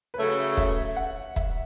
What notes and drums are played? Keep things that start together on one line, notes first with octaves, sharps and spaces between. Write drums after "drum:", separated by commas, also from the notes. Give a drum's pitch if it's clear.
B4
C#3 F#3 A3 C#5
E5, drum: kick
F#5
E5, drum: kick